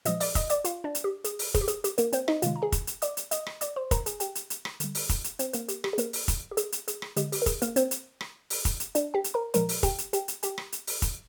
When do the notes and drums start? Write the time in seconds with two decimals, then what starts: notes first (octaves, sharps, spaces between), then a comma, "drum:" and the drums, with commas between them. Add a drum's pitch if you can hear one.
0.05 A#2 F3 G#3 D#5 D#6, drum: hi-hat
0.20 D5 D6, drum: open hi-hat
0.35 D#5 D#6, drum: kick, hi-hat
0.50 D5 D6, drum: hi-hat
0.64 F4 F5, drum: hi-hat
0.84 D4 D5
0.95 drum: hi-hat
1.04 G4
1.24 G#4, drum: hi-hat
1.39 drum: open hi-hat
1.54 G#4, drum: kick, hi-hat
1.61 G4
1.68 G#4, drum: hi-hat
1.84 G4, drum: hi-hat
1.98 A#3 A#4, drum: hi-hat
2.13 C4 C5, drum: hi-hat
2.28 D#4 D#5, drum: rim click
2.42 C3 D#3 G#3 F4 F5, drum: hi-hat
2.56 A#5
2.62 G#4 G#5
2.72 drum: kick, hi-hat
2.87 drum: hi-hat
3.02 D5 D6, drum: hi-hat
3.17 drum: hi-hat
3.31 D#5 D#6, drum: hi-hat
3.46 drum: rim click
3.61 D5 D6, drum: hi-hat
3.76 C5 C6
3.91 A#4 A#5, drum: kick, hi-hat
4.06 G#4 G#5, drum: hi-hat
4.20 G4 G5, drum: hi-hat
4.35 drum: hi-hat
4.50 drum: hi-hat
4.65 drum: rim click
4.80 D3 G3, drum: hi-hat
4.95 drum: open hi-hat
5.09 drum: kick, hi-hat
5.24 drum: hi-hat
5.39 C4 C5, drum: hi-hat
5.53 A#3 A#4, drum: hi-hat
5.68 G4, drum: hi-hat
5.84 G4, drum: rim click
5.93 G#4
5.98 A#3 A#4, drum: hi-hat
6.13 drum: open hi-hat
6.28 drum: kick, hi-hat
6.51 G4
6.57 G#4, drum: hi-hat
6.72 drum: hi-hat
6.88 G#4, drum: hi-hat
7.02 drum: rim click
7.16 D3 G#3 G4, drum: hi-hat
7.32 G4, drum: open hi-hat
7.42 A#4
7.46 G#4, drum: kick, hi-hat
7.62 A#3 A#4, drum: hi-hat
7.76 C4 C5, drum: hi-hat
7.91 drum: hi-hat
8.21 drum: rim click
8.50 drum: open hi-hat
8.65 drum: kick, hi-hat
8.80 drum: hi-hat
8.95 D4 D5, drum: hi-hat
9.14 G4 G5
9.24 drum: hi-hat
9.34 A#4 A#5
9.54 A#2 F3 G#3 A#4 A#5, drum: hi-hat
9.69 drum: open hi-hat
9.83 G4 G5, drum: kick, hi-hat
9.98 drum: hi-hat
10.13 G4 G5, drum: hi-hat
10.28 drum: hi-hat
10.43 G4 G5, drum: hi-hat
10.58 drum: rim click
10.72 drum: hi-hat
10.87 drum: open hi-hat
11.02 drum: kick, hi-hat